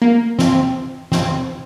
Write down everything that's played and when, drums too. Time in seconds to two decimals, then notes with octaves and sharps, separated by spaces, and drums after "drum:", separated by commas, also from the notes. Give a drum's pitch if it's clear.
0.02 A#3
0.39 C4, drum: snare
1.12 C4, drum: snare